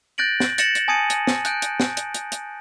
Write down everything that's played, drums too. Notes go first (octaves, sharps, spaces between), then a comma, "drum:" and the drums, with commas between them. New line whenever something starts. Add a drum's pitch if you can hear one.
F#6 G6 A6 A#6 D7 F#7
drum: snare
G6 A6 A#6 C#7 E7 F#7, drum: hi-hat
drum: hi-hat
G#5 A5 D#6 G#6 C#7 D#7
drum: hi-hat
drum: snare
F#6 G6 D7, drum: hi-hat
drum: hi-hat
drum: snare
drum: hi-hat
drum: hi-hat
drum: hi-hat